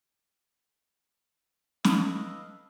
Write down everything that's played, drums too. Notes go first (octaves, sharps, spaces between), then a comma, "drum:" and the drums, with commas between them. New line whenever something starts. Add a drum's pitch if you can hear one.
A4 B4 D#5 F5, drum: snare